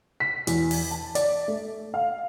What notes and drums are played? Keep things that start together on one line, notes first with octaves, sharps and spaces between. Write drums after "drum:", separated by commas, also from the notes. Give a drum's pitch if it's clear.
B6
E2, drum: hi-hat
drum: open hi-hat
A5
D5, drum: hi-hat
A3
F5